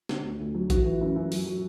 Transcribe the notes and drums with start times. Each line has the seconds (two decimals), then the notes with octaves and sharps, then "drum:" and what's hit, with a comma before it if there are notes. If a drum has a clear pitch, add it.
0.09 D3, drum: snare
0.24 D2
0.40 D2
0.54 F#3
0.70 E3 F#4, drum: kick A#1, hi-hat
0.85 E3
1.01 F#2
1.16 F#2
1.32 F#3, drum: open hi-hat
1.46 F#3